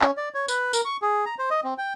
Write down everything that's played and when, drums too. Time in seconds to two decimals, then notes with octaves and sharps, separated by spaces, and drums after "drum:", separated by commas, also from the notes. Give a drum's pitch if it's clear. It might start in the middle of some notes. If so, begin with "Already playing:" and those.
0.01 C#4, drum: clap
0.17 D5
0.34 C#5
0.48 B4, drum: tambourine
0.73 A#4, drum: tambourine
0.85 C#6
1.02 G#4
1.26 A#5
1.39 C5
1.50 D#5
1.64 C4
1.78 G5